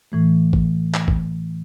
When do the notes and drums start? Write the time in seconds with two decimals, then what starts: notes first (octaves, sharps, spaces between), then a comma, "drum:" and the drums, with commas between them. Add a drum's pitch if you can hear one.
0.12 A2 E3 A3
0.53 drum: kick
0.94 drum: clap
1.08 drum: kick